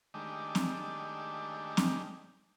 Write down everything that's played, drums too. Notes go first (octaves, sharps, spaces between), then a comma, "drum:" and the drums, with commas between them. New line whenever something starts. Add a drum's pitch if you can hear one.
D#3 G#3 A3 D4 G4
drum: snare C4
drum: snare C4